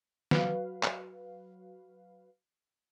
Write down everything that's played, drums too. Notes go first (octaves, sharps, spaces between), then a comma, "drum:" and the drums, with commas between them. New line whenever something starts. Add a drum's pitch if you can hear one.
F#3 F#4 B4 F5, drum: snare
drum: clap